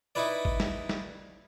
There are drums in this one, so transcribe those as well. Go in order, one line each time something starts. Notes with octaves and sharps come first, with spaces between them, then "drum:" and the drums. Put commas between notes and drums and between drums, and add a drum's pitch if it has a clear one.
D#4 E4 B4 D5
drum: kick
drum: snare
drum: snare